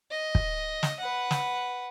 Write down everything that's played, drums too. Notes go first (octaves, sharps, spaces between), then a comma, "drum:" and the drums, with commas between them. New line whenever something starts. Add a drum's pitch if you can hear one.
D#5
drum: kick
drum: snare
B4 F#5
drum: snare